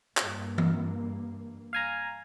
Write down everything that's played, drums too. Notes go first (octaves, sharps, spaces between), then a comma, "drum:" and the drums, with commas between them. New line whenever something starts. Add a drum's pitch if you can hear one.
G2 A#3, drum: clap
drum: tom E3
F5 G#5 A#5